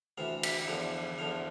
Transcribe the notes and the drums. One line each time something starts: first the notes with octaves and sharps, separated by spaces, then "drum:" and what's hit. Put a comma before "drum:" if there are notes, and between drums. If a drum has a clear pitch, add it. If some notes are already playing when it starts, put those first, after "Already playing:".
D2 C3 E3 F5
drum: cymbal
E2 D3 F3
E2 D3 F3 F5